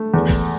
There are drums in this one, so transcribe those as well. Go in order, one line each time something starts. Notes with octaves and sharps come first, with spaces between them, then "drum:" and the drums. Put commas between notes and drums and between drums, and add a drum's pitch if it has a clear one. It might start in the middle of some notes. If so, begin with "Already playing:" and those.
Already playing: A3
E2
drum: kick, cymbal